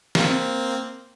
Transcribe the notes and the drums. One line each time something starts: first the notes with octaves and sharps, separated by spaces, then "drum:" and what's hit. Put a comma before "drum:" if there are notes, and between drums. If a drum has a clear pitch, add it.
A#3 C4, drum: snare